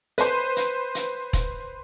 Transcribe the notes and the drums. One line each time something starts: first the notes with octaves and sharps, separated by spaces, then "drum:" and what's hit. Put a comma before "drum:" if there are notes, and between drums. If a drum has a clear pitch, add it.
B4 C5, drum: hi-hat
drum: hi-hat
drum: hi-hat
drum: kick E1, hi-hat